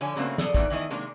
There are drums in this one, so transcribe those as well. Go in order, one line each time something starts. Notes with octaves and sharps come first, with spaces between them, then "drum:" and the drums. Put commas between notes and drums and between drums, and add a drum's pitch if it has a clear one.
D3 F3 C#5 G#5
C#3 F#3 A3 A#3 C4
G#4 A4 D5, drum: snare
A#2 D#3 E3 B3, drum: kick
D#3 E3 A3 D#5
C3 D#3 G#3 A#3 D4